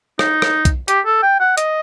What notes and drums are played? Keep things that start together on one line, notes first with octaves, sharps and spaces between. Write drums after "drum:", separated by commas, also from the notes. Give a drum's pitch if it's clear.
D#4, drum: rim click
drum: rim click
drum: kick B1, hi-hat
G4, drum: hi-hat
A4
G5
F#5
D#5, drum: hi-hat